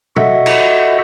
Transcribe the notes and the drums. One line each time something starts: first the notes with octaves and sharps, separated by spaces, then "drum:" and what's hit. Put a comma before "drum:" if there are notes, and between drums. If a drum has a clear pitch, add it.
F#4 A4 D#5 E5 F#5, drum: tom
drum: cymbal